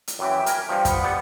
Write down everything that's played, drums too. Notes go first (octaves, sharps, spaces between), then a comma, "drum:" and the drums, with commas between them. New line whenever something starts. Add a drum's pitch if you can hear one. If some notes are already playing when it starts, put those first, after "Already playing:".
drum: hi-hat
F#2 E3 E5 G5
A#4 G#5, drum: hi-hat
G2 F3 G5
F#5 B5 D#6, drum: kick, hi-hat
G3 B3